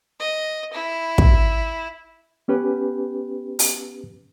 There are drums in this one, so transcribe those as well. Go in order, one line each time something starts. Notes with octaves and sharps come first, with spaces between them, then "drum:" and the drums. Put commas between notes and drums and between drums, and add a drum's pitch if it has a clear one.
D#5
E4
drum: kick
B3 C#4 G4 B4
drum: open hi-hat